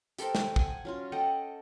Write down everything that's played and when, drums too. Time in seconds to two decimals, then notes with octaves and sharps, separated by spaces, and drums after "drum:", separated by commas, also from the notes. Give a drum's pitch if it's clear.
0.18 G4 A4 A#4 C5, drum: hi-hat
0.35 drum: snare
0.56 F#5 G#5, drum: kick
0.85 F#3 C#4 F4
1.12 A4 D#5 F#5 G5